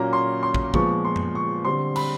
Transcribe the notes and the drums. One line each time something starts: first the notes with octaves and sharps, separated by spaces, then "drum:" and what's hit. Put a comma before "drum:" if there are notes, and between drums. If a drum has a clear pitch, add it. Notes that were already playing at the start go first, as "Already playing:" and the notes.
Already playing: A#2 F#3 A#3 C#4 A#5
C6
C6
drum: kick
A#2 F3 G#3 B3 C#6, drum: kick
C6
drum: tom F#2
C#6
D3 G3 C4 C6
B5, drum: cymbal